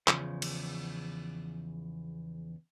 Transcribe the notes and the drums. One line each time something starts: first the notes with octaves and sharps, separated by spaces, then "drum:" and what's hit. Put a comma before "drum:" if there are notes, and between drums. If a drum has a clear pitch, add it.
E2 C#3 F3, drum: clap
drum: cymbal